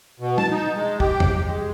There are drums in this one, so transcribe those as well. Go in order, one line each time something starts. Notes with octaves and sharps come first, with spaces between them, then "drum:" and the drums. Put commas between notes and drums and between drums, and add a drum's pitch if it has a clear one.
B2
A5, drum: tom
D#4
G#3
G4, drum: kick
drum: tom E2
G#3